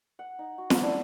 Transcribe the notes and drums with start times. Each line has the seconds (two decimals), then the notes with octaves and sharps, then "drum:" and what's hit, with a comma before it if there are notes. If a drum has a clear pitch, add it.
0.19 F#5
0.39 D#4
0.58 F#4
0.70 E5, drum: snare
0.83 D4 E4 A4 D5